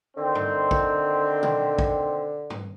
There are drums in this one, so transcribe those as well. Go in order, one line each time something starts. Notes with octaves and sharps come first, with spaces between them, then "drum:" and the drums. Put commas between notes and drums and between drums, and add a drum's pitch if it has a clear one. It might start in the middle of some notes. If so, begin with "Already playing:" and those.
D3 D#3 C4
drum: tom G2
drum: kick
drum: tom B2
drum: kick
drum: tom G2